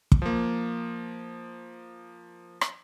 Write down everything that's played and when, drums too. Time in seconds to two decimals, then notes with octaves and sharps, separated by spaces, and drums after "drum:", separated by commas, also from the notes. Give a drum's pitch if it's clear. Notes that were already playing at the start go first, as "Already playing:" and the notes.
0.12 drum: kick
0.22 F3 A#3
2.61 drum: rim click